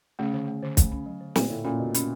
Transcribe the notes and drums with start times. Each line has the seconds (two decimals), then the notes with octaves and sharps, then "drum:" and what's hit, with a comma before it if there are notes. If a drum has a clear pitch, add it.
0.19 C#3 A3
0.33 D3
0.48 A3
0.62 D3
0.77 A3, drum: kick, hi-hat
0.92 C#4
1.06 F#3
1.21 D3
1.36 A#2 A3, drum: snare
1.50 A2 D3
1.64 A#2 C#4
1.79 B2 D3
1.94 C#4, drum: hi-hat